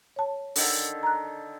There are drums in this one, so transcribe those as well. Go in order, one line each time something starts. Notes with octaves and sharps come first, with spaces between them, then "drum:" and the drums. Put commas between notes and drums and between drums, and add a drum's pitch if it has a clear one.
C#5 A5
D3 D#3 A4, drum: open hi-hat
A#5 F#6